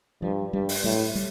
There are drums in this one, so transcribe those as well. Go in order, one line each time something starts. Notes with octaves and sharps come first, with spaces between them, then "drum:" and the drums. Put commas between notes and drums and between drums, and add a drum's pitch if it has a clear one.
G2 F3
G2 G3
drum: open hi-hat
A2 G3
G3, drum: hi-hat